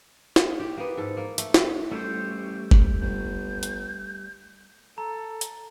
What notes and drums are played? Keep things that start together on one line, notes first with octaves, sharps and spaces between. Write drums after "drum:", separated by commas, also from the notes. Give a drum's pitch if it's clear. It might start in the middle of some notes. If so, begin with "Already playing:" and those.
drum: snare
G4
A#3 B3
G#2 A4
A#3
A3, drum: hi-hat
E5 F5, drum: snare
A1 G3 A3 G4 C5
drum: kick F#1
G1 G6
drum: hi-hat
A4 A#5
drum: hi-hat